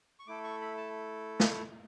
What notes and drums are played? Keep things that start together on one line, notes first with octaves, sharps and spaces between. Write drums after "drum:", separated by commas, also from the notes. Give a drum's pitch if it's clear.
C#6
A3 E4 A4 D6
C#6
B5
A5
drum: snare